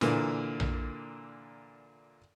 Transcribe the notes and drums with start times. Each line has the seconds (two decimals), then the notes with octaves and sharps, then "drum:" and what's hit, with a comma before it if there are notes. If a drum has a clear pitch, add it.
0.01 A#2 D3 E3 A#3, drum: snare
0.60 drum: tom A#1